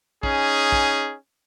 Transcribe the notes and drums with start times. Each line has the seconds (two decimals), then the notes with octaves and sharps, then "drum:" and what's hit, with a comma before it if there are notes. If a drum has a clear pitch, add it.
0.23 C#4 D#4 G#4, drum: kick
0.72 drum: kick